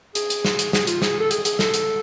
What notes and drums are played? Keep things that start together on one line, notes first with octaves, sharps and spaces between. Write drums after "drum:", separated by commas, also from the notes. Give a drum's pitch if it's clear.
G#4, drum: hi-hat
drum: hi-hat
drum: snare
drum: hi-hat
G#4, drum: snare
F4, drum: hi-hat
G#4, drum: snare
A4
G#4, drum: hi-hat
G#4, drum: hi-hat
A4, drum: snare
drum: hi-hat